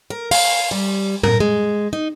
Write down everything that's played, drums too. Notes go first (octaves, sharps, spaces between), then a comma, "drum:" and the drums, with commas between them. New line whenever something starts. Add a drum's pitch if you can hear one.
A#4
F5, drum: open hi-hat
G3
A#4, drum: tom A2
G#3
D#4